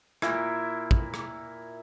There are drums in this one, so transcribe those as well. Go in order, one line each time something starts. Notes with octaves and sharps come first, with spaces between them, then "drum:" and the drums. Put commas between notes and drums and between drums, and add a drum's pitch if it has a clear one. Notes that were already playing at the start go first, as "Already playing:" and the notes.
A#2 E4, drum: rim click
drum: kick
drum: rim click